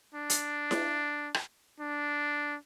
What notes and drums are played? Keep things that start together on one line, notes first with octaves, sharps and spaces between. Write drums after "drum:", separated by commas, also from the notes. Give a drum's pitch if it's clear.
D4
drum: hi-hat
drum: snare E4
drum: rim click
D4